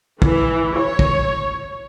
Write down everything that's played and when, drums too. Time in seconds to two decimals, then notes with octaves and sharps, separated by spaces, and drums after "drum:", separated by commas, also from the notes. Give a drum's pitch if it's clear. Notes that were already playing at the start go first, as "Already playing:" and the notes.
0.22 E3, drum: kick
0.77 C#5
0.99 drum: kick